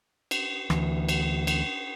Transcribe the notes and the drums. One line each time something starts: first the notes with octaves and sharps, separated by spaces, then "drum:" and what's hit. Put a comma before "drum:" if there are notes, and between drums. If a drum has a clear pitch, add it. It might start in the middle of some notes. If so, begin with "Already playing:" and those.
drum: cymbal
D2 E3, drum: rim click
drum: cymbal
drum: cymbal